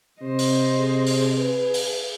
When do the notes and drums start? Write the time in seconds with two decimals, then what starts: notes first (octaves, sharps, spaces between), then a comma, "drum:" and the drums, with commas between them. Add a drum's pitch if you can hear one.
0.22 C3 C5 D#5
0.39 drum: open hi-hat
0.79 G#4
1.06 drum: open hi-hat
1.36 G#4 B4
1.74 drum: open hi-hat